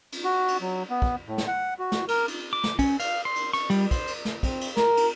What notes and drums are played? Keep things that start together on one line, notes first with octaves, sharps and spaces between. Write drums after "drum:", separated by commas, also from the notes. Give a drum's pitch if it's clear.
drum: cymbal
F#4
drum: cymbal
F#3
B3
drum: kick
A2
drum: snare
F#5
F#4
drum: snare
A#4, drum: cymbal
drum: cymbal
D6
drum: snare
C#4, drum: kick, cymbal
F5, drum: cymbal
C6
drum: cymbal
C#6, drum: cymbal
G3, drum: cymbal
C5, drum: kick, cymbal
drum: cymbal
drum: snare
C4, drum: kick, cymbal
drum: cymbal
A#4, drum: snare
drum: cymbal